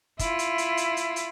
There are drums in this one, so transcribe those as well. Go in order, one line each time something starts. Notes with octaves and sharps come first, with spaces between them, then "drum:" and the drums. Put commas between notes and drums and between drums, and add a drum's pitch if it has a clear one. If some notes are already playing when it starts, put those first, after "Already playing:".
E4 F4, drum: kick, hi-hat
drum: hi-hat
drum: hi-hat
drum: hi-hat
drum: hi-hat
drum: hi-hat